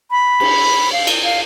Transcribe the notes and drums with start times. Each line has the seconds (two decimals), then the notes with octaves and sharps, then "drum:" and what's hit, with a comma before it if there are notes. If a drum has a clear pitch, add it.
0.11 B5
0.40 drum: cymbal
0.93 F5
1.07 drum: cymbal
1.24 F5